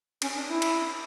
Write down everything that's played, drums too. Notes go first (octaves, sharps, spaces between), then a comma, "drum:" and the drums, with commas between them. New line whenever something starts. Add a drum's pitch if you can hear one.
C#4, drum: cymbal
D4
E4
drum: cymbal